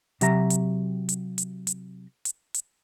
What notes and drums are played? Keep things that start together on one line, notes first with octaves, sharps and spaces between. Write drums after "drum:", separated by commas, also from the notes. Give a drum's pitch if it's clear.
C3 F#3 G4 E5 A#5, drum: hi-hat
drum: hi-hat
drum: hi-hat
drum: hi-hat
drum: hi-hat
drum: hi-hat
drum: hi-hat